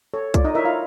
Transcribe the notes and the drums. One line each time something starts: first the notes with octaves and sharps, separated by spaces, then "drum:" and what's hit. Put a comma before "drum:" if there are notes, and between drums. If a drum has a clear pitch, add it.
A4 C#5
F4 D5, drum: kick C2, hi-hat
D#4 D#5
E4 A#4 C#5 E5
F4 F5